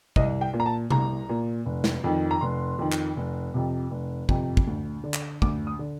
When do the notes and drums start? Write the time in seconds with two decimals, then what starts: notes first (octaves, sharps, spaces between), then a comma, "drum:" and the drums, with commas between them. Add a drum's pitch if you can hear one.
0.16 C2 D#5, drum: kick
0.41 G5
0.53 A#2
0.60 A#5
0.66 A5
0.90 C2 A#5, drum: tom C3
1.29 A#2
1.66 F1
1.84 drum: snare
2.04 F2 D#3
2.31 A#5
2.41 F1 C6
2.79 F2 D#3
2.92 drum: clap
3.16 F1
3.54 F2 C3
3.91 F1
4.29 F2 C3, drum: kick
4.57 drum: kick
4.67 D2
5.04 D3
5.14 drum: clap
5.42 D2 D6, drum: kick
5.67 D#6
5.79 D3